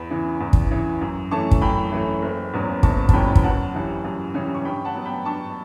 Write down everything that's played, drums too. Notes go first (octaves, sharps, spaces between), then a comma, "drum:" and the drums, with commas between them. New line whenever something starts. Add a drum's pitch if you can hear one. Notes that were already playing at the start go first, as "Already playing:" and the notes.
Already playing: E2 B5
C#3 E3
E2
drum: kick
C#3 E3
F#2
E3 A3 C#4 A5 C#6
drum: kick
F#2 G5 B5
E3 A3 C#4
F#1
E2 B2 F#3 C#4
F#1 A5 C#6, drum: kick
A5, drum: kick
E2 B2 F#3 C#4 G5 B5
B5, drum: kick
F#2 F#5 A5
C#3 E3 G3 C#4
F#2
C#3 E3 G3 C#4
C#6
G2 G5 B5
F#5 A5
F#3 B3
G5 B5
G2 A5 C#6